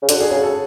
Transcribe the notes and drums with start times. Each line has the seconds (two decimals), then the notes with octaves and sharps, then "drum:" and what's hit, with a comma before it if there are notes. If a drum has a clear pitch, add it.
0.02 C#3
0.09 D3 F#4, drum: hi-hat
0.20 D3 G#4
0.30 C#3 G#4
0.43 A4